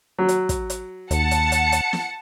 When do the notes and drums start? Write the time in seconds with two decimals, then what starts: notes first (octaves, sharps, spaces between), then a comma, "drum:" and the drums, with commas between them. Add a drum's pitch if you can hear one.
0.18 F#3
0.29 drum: hi-hat
0.49 drum: kick, hi-hat
0.70 drum: hi-hat
1.11 D#2 F#5 A5 C#7, drum: hi-hat
1.31 drum: hi-hat
1.52 drum: hi-hat
1.72 drum: hi-hat
1.93 drum: snare